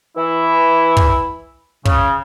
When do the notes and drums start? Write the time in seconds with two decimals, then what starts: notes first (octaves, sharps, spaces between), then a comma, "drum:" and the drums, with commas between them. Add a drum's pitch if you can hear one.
0.17 E3 E4
0.97 drum: kick
1.85 C#3, drum: kick